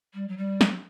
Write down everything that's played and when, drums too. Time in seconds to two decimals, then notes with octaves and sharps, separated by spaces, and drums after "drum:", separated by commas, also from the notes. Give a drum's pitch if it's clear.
0.14 G3
0.28 F#3
0.37 G3
0.61 drum: snare